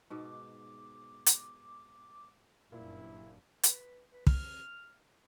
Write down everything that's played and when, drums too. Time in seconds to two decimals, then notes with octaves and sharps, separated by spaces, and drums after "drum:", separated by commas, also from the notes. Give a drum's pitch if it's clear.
0.10 G#2 B2 D6
1.26 drum: hi-hat
2.72 F#1 G2 A#2 E4
3.63 B4, drum: hi-hat
4.13 B4
4.27 F6, drum: kick